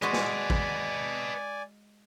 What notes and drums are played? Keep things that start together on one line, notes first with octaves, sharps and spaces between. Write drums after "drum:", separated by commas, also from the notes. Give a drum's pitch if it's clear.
G#3 F#4 B4 D5 D#5 G#5
drum: snare
drum: kick